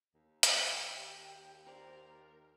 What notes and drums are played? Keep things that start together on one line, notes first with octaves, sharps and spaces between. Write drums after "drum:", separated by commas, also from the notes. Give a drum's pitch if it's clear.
D#2
drum: hi-hat
G4
A#4 C5 D5 A#5